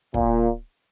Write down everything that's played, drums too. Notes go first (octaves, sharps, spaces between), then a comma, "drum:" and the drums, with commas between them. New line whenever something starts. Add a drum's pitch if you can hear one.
A#2, drum: kick